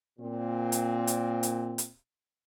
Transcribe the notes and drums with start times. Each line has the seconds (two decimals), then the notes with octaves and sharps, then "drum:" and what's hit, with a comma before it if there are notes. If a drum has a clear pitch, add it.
0.19 A#2 C4
0.72 drum: hi-hat
1.07 drum: hi-hat
1.43 drum: hi-hat
1.78 drum: hi-hat